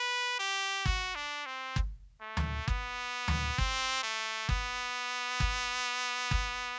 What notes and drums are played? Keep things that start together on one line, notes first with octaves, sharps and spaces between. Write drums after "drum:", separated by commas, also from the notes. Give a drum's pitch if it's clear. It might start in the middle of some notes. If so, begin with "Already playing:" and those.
Already playing: B4
G4
F#4, drum: kick G1
D4
C4
drum: kick G1
A3
drum: tom D2
B3, drum: kick G1
drum: tom D2
C4, drum: kick G1
A3
B3, drum: kick G1
drum: kick G1
drum: kick G1